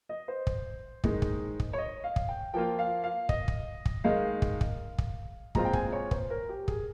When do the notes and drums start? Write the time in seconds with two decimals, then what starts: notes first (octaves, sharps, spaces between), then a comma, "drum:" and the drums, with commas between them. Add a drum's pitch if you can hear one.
0.09 D#5
0.28 C5
0.47 drum: kick
1.04 D#3 G#3 D#4, drum: kick
1.22 drum: kick
1.60 drum: kick
1.73 C#5
1.78 D#5
2.04 F5
2.16 drum: kick
2.28 G5
2.53 F3 A#3 F4 G5
2.79 F5
3.04 F5
3.29 D#5, drum: kick
3.48 drum: kick
3.86 drum: kick
4.04 D#3 G#3 D#4 F5
4.42 drum: kick
4.61 drum: kick
4.98 drum: kick
5.55 A#2 G#3 C4 F4 A#5, drum: kick
5.65 G5
5.73 G#5, drum: kick
5.92 C#5
6.11 C5, drum: kick
6.30 A#4
6.49 G4
6.68 G#4, drum: kick